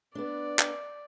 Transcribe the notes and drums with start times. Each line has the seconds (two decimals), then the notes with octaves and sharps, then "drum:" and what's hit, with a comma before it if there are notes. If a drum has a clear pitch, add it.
0.15 B3 D4 D5
0.59 drum: clap